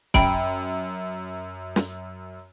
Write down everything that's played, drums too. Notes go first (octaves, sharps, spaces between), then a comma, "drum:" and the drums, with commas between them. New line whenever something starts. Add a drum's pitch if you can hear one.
F#2 G5 B5 D7, drum: kick
drum: snare